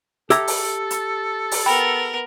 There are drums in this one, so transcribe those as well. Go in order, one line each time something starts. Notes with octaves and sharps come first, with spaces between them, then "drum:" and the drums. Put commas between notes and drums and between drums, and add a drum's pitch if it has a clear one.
G4 A4 E5 A#5 E6 G#6, drum: hi-hat
drum: open hi-hat
drum: hi-hat
drum: open hi-hat
B3 A#4 G5 B5